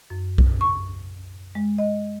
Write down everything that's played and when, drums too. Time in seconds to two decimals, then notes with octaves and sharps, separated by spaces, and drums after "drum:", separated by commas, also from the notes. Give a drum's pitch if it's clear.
0.10 F#2
0.38 drum: kick B1
0.61 C#6
1.55 G#3
1.78 D#5